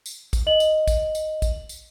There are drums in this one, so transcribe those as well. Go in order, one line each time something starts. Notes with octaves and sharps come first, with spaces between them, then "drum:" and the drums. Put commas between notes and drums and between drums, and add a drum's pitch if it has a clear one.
drum: tambourine
drum: kick, tambourine
D#5 F#7
drum: tambourine
drum: kick, tambourine
drum: tambourine
drum: kick, tambourine
drum: tambourine